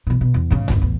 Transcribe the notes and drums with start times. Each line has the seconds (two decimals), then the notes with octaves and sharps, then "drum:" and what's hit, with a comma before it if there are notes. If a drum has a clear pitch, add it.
0.07 B2 E3
0.21 B2
0.34 E2
0.50 G#2 C#3
0.68 G1 D#2, drum: tom C2
0.82 A1 E2